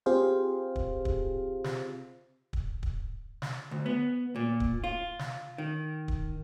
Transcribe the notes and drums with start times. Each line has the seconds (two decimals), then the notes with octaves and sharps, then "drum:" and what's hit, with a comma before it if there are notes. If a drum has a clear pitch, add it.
0.06 C4 F4 G4 G#4 C5 F5
0.76 drum: kick
1.05 drum: kick
1.64 drum: snare
2.53 drum: kick
2.83 drum: kick
3.42 drum: snare
3.71 D2
3.86 B3
4.36 A#2
4.60 drum: kick
4.84 F4
5.19 drum: snare
5.58 D#3
6.08 drum: kick